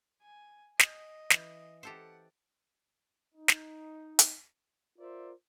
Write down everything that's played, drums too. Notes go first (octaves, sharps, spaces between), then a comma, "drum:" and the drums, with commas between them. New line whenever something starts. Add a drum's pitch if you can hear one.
G#5
D#5, drum: snare
E3, drum: snare
G4 A4 C5 F#5
D#4
drum: snare
drum: hi-hat
F4 A#4 C5 D5 E5